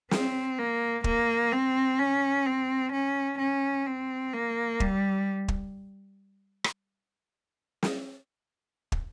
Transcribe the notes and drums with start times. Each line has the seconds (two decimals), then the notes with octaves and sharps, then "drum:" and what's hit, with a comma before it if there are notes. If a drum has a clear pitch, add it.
0.11 C4, drum: snare
0.58 A#3
1.04 A#3, drum: kick
1.52 C4
1.99 C#4
2.46 C4
2.92 C#4
3.39 C#4
3.86 C4
4.33 A#3
4.80 G3, drum: kick
5.48 drum: kick
6.64 drum: rim click
7.83 drum: snare
8.92 drum: kick